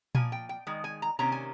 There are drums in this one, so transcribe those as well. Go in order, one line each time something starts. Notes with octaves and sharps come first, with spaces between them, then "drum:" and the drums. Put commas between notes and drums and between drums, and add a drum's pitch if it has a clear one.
F3 A#3 G#5, drum: tom A#2
G5
G5
D#3 G#3
G#5
A#5
C3 D#3 A#3 C#4 A#5
G#5